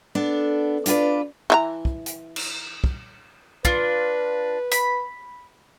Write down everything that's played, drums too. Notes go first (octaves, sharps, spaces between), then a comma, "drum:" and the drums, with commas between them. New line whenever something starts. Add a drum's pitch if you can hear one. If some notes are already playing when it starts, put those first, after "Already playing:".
B3 D4 A4
D4 F4 G4 B4 D5, drum: hi-hat
E3 D#4 A#5
drum: kick
drum: hi-hat
drum: cymbal
drum: kick
D4 F4 B4, drum: kick
B5, drum: hi-hat